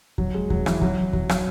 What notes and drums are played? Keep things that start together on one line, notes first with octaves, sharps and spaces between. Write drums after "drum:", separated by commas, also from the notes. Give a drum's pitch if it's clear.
F#3, drum: kick D#2
G#3
F#3, drum: kick D#2
E3, drum: rim click
F#3, drum: kick D#2
F#3, drum: kick D#2
F#3, drum: rim click